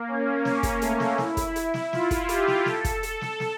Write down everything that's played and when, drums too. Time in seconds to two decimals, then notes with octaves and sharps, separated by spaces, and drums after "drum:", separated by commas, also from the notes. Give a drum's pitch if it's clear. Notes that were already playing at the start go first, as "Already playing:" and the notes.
Already playing: A#3
0.08 C#4
0.45 A#3, drum: snare
0.63 drum: kick, hi-hat
0.82 A3, drum: hi-hat
1.00 drum: snare
1.18 E4, drum: snare
1.37 drum: kick, hi-hat
1.56 E4, drum: hi-hat
1.74 drum: snare
1.93 F4, drum: snare
2.11 drum: kick, hi-hat
2.29 G4, drum: hi-hat
2.48 drum: snare
2.66 A4, drum: snare
2.84 drum: kick, hi-hat
3.03 drum: hi-hat
3.21 drum: snare
3.40 drum: snare